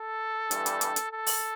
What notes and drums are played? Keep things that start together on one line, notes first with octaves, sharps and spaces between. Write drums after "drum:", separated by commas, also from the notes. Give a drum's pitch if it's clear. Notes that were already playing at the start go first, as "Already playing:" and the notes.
Already playing: A4
G2 E3 G3, drum: hi-hat
drum: hi-hat
drum: hi-hat
drum: hi-hat
A4
drum: open hi-hat